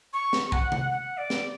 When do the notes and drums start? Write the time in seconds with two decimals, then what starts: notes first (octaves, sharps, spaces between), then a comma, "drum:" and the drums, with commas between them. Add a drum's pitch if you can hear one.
0.13 C#6
0.33 drum: snare
0.52 F#5, drum: kick
0.72 drum: tom C3
0.91 F#5
1.18 D5
1.30 drum: snare